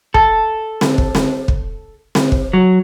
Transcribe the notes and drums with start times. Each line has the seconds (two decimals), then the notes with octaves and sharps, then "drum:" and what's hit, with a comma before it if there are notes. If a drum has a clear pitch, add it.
0.14 A4, drum: kick
0.81 drum: snare C4
0.98 drum: kick
1.15 drum: snare C4
1.48 drum: kick
2.15 drum: snare C4
2.32 drum: kick
2.53 F#3